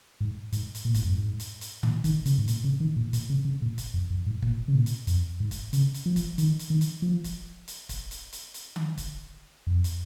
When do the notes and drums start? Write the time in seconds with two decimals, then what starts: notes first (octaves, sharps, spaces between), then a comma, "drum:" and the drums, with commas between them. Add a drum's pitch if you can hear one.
0.21 G#2
0.52 G#2, drum: hi-hat
0.75 drum: hi-hat
0.85 A#2
0.94 G#2, drum: kick, hi-hat
1.04 F2
1.12 G#2
1.40 drum: hi-hat
1.61 drum: hi-hat
1.83 A#2, drum: tom D3
2.04 D#3, drum: kick, hi-hat
2.26 C#3, drum: hi-hat
2.38 G#2
2.48 A#2, drum: hi-hat
2.64 C#3
2.80 D#3
2.96 A#2
3.13 A#2, drum: hi-hat
3.30 C#3
3.45 C#3
3.62 A#2
3.78 drum: kick, hi-hat
3.94 F2
4.10 F2
4.26 G#2
4.42 A#2, drum: kick
4.68 C#3
4.75 A#2
4.86 drum: hi-hat
5.07 F2, drum: hi-hat
5.40 G#2
5.51 drum: kick, hi-hat
5.73 C#3, drum: hi-hat
5.94 drum: hi-hat
6.06 F3
6.16 drum: kick, hi-hat
6.38 D#3, drum: hi-hat
6.59 drum: hi-hat
6.70 D#3
6.81 drum: hi-hat
7.02 F3
7.24 drum: kick, hi-hat
7.68 drum: hi-hat
7.89 drum: kick, hi-hat
8.11 drum: hi-hat
8.33 drum: hi-hat
8.54 drum: hi-hat
8.76 drum: tom D3
8.98 drum: kick, hi-hat
9.67 F2
9.84 drum: hi-hat